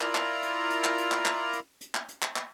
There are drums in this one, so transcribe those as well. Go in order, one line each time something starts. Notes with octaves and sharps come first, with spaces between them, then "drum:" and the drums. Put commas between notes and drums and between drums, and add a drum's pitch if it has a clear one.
E4 F4 A#4 D5 A#5, drum: clap
drum: clap
drum: hi-hat
drum: hi-hat
drum: clap
drum: hi-hat
drum: clap
drum: clap
drum: hi-hat
drum: hi-hat
drum: clap
drum: hi-hat
drum: clap
drum: clap